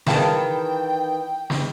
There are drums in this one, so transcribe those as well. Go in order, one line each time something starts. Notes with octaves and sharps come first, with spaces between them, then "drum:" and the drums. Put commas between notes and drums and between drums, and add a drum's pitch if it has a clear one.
D#3 E3 E4 G#4 F5 G5 A5, drum: snare
drum: snare